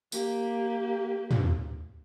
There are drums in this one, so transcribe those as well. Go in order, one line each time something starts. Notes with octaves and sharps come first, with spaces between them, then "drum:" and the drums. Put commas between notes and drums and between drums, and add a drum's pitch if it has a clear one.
A#3 G4, drum: tambourine
drum: tom